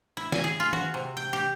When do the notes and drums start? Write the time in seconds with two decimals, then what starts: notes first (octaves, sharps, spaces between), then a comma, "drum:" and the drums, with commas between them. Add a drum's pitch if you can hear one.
0.17 E4
0.32 G#5, drum: snare
0.44 G#4
0.60 F4
0.73 F#4, drum: tom D#3
0.94 C3
1.17 G5
1.33 G4